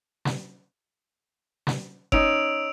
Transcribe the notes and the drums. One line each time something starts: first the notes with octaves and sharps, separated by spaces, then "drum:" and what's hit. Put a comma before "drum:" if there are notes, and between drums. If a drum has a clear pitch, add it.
drum: snare
drum: snare
C#4 D#4 E6 D7 F7, drum: kick F#1